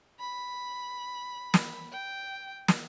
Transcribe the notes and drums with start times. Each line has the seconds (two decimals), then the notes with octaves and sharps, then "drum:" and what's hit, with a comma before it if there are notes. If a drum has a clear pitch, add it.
0.20 B5
1.54 drum: snare
1.92 G5
2.68 drum: snare